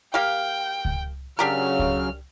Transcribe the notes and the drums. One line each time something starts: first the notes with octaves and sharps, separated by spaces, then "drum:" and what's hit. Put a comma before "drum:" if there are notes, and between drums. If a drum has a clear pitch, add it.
A#3 G4 F5 G5
drum: kick C#2
C#3 F#3 D4 G4 A#4 F6
drum: kick C#2